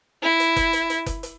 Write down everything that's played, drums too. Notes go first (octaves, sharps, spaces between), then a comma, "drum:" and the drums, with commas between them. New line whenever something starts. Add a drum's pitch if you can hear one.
E4
drum: hi-hat
drum: kick F#1, hi-hat
drum: hi-hat
drum: hi-hat
drum: kick F#1, hi-hat
drum: hi-hat